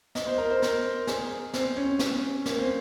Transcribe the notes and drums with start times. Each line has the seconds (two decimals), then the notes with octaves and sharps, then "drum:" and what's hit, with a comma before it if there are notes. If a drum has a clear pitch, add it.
0.15 D#5, drum: snare
0.27 C5
0.38 A#4
0.50 C5
0.62 A#4, drum: snare
1.07 G#4, drum: snare
1.53 C4, drum: snare
1.77 C#4
1.99 drum: snare
2.46 A#3, drum: snare
2.58 C4